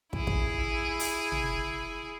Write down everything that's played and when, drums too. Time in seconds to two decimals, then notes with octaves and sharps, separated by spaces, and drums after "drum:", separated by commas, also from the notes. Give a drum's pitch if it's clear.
0.13 E4 G#4, drum: kick
0.27 drum: kick
0.99 drum: open hi-hat
1.32 drum: tom